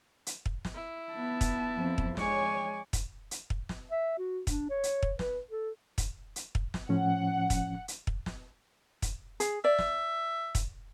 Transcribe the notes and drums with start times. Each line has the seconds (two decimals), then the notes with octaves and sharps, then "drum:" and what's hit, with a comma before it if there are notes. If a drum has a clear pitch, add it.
0.27 drum: hi-hat
0.46 drum: kick
0.65 drum: snare
0.75 E4
1.12 B3 A5
1.41 drum: kick, hi-hat
1.76 F2
1.98 drum: kick
2.17 G#3 C#5 D5 G#5 C#6, drum: snare
2.93 drum: kick, hi-hat
3.31 drum: hi-hat
3.50 drum: kick
3.69 drum: snare
3.91 E5
4.18 F#4
4.47 D4, drum: kick, hi-hat
4.70 C#5
4.83 drum: hi-hat
5.03 drum: kick
5.19 B4, drum: snare
5.51 A4
5.98 drum: kick, hi-hat
6.36 drum: hi-hat
6.55 drum: kick
6.74 drum: snare
6.89 A2 F3 C#4 F#5
7.50 drum: kick, hi-hat
7.88 drum: hi-hat
8.07 drum: kick
8.26 drum: snare
9.02 drum: kick, hi-hat
9.40 G#4, drum: hi-hat
9.64 D5 E5
9.79 drum: snare
10.55 drum: kick, hi-hat